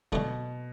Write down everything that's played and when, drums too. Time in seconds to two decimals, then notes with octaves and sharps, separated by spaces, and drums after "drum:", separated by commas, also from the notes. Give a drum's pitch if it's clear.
0.12 B2 D3 F#3 A3 D4, drum: kick